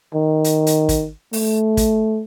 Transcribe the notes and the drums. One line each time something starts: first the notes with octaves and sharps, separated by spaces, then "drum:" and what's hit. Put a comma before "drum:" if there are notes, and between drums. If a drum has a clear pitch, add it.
D#3
drum: hi-hat
drum: hi-hat
drum: kick, hi-hat
A3, drum: open hi-hat
drum: kick, hi-hat